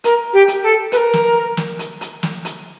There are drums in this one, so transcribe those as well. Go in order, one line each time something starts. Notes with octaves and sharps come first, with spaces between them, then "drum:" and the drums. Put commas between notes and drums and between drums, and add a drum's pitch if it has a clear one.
A#4, drum: hi-hat
G4
drum: hi-hat
A4
B4, drum: hi-hat
A#4
drum: snare
drum: snare
drum: hi-hat
drum: hi-hat
drum: snare
drum: hi-hat